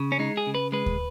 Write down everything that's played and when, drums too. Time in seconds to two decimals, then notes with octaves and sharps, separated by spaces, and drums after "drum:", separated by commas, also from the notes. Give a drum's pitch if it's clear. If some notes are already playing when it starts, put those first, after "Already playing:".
Already playing: C#3
0.12 C#4
0.19 G#3 D#4
0.37 G#4
0.47 C#3
0.55 B4
0.72 G#3 B4
0.86 drum: kick D2